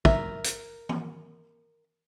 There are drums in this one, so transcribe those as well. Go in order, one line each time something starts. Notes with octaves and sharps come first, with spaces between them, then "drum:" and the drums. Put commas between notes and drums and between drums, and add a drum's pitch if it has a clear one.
A#4 E5, drum: kick
drum: hi-hat
drum: tom E3